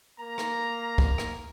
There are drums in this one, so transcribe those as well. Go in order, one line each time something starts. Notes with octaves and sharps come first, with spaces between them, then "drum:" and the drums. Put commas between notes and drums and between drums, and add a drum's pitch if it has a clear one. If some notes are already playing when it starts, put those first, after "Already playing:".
A#3 A#5
drum: rim click
drum: kick
drum: rim click